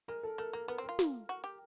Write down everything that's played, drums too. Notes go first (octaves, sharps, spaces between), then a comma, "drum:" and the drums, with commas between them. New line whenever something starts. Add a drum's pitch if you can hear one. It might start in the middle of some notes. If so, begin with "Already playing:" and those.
G#3 A#4
A4
A3 A#4
A#3 A#4
B3 A#4
C4
F4 A#4
drum: snare
F#4
G4